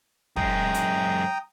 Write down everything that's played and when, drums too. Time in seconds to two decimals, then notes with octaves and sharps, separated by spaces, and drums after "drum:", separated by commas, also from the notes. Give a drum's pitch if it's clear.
0.36 F#2 G#3 G5 A#5 D#6, drum: kick
0.74 drum: hi-hat